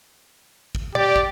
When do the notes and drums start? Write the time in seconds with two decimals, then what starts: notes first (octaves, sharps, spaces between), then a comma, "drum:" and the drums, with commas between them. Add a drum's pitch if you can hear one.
0.75 drum: kick
0.95 G4 D5, drum: tom
1.16 drum: kick